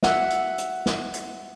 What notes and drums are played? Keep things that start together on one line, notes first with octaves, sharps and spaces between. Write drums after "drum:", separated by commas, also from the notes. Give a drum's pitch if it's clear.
E5 F#5, drum: snare
drum: hi-hat
drum: hi-hat
drum: snare
drum: hi-hat